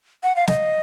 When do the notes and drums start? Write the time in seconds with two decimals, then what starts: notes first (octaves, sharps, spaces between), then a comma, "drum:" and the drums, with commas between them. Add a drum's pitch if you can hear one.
0.23 F#5
0.36 F5
0.47 D#5, drum: snare